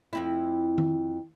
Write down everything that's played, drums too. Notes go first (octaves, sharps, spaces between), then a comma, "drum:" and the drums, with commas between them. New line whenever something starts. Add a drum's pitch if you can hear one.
F2 C4 E4
drum: tom D#3